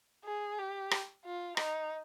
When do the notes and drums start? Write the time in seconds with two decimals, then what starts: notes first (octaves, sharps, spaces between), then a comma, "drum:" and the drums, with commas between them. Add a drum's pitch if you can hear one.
0.25 G#4
0.58 G4
0.91 drum: rim click
1.25 F4
1.57 D#4, drum: rim click